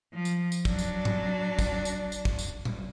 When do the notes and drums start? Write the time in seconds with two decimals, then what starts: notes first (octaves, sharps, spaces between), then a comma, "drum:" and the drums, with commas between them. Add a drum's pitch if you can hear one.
0.14 F3
0.25 drum: tambourine
0.52 drum: tambourine
0.65 F#3 D4, drum: kick
0.79 drum: tambourine
1.05 drum: tom G#2
1.59 drum: kick, tambourine
1.85 drum: tambourine
2.12 drum: tambourine
2.25 drum: kick
2.39 drum: tambourine
2.65 drum: tom A#2